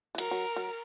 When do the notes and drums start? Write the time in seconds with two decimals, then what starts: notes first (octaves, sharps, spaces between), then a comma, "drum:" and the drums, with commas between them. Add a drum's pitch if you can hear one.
0.15 E3
0.18 F#3 A#4, drum: cymbal
0.31 F#3
0.56 F#3